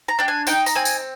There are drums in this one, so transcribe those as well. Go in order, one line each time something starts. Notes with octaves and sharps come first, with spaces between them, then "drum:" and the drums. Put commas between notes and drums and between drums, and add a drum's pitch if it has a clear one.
A#5
D4 G5
G#5
D#4 G5, drum: tambourine
A#5, drum: tambourine
C4 G#5
drum: tambourine